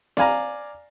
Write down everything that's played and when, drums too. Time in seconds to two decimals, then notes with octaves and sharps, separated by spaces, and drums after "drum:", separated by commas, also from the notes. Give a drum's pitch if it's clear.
0.17 D5 F5 G#5 A#5, drum: snare C4